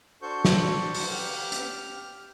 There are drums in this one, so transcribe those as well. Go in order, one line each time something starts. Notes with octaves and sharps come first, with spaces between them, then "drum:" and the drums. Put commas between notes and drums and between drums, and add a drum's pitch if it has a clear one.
D4 F#4 A4 C5 C#6 G6
drum: snare
drum: open hi-hat
G4 F6
drum: hi-hat